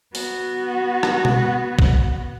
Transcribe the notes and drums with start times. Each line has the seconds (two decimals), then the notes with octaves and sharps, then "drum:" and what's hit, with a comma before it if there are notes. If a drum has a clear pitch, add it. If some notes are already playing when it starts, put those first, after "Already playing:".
0.15 B3 F#4, drum: open hi-hat
1.03 drum: rim click
1.25 drum: tom B2
1.79 drum: kick A#1